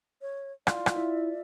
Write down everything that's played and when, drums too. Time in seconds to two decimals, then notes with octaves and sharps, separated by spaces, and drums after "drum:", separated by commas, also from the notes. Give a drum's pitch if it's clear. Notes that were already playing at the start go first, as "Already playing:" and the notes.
0.22 C#5
0.67 F4 D5, drum: rim click
0.86 drum: rim click
0.96 E4 E5